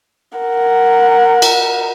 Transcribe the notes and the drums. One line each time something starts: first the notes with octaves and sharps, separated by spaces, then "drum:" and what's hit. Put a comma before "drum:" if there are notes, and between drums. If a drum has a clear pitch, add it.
A#4 F#5
drum: cymbal